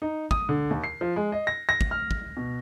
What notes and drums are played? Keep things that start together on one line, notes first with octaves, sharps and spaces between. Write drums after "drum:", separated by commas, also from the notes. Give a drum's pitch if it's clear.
D#4
D#6, drum: kick
D3
D#2
C7
F3
G#3
D#5
A#6
A#6
drum: kick
F6
drum: kick
B2